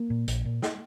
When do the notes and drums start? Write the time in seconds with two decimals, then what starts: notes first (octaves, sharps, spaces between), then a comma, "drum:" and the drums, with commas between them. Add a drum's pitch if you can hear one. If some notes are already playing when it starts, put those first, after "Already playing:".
Already playing: A#3
0.10 A#2
0.28 A#1, drum: hi-hat
0.45 A#2
0.62 drum: snare